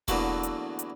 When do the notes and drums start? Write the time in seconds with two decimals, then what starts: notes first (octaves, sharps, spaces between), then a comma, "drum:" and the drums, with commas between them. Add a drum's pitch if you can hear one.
0.08 E2 D3 E3 F#3 A3 A#3, drum: kick E1, hi-hat
0.43 drum: hi-hat
0.79 drum: hi-hat